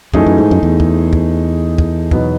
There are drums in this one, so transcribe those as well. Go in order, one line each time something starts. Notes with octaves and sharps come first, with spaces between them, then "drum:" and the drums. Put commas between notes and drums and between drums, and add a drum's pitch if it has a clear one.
F#2 E3 A3 D#4 G#4, drum: kick
F#2
G#2
F#2
E2
drum: kick
drum: kick
drum: kick
B2 F#3 B3 D#4, drum: kick